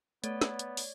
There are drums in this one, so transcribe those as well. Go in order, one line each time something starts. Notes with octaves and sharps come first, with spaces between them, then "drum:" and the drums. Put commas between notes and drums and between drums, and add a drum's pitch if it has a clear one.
A3 B3 C#5 D5, drum: hi-hat
drum: snare
drum: hi-hat
drum: open hi-hat